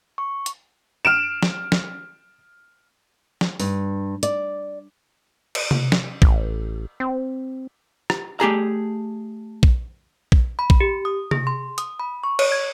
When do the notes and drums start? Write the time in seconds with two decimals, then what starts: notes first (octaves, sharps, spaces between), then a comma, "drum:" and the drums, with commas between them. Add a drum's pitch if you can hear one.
0.18 C#6
0.46 drum: hi-hat
1.05 F6 D7 E7
1.43 drum: snare
1.72 drum: snare
3.41 drum: snare
3.60 G2, drum: open hi-hat
4.23 D5, drum: hi-hat
5.55 drum: cymbal
5.71 drum: tom C3
5.92 drum: snare
6.22 A1, drum: kick A#1
7.00 C4
8.10 drum: rim click
8.40 A3 G4 G#4 A#5
9.63 drum: kick A#1
10.32 drum: kick A#1
10.59 B5
10.70 drum: kick A#1
10.80 G4
11.05 D#6
11.31 G#4, drum: tom C3
11.47 C6
11.78 D#6, drum: hi-hat
12.00 B5
12.24 C#6
12.39 C#5, drum: cymbal
12.52 G#6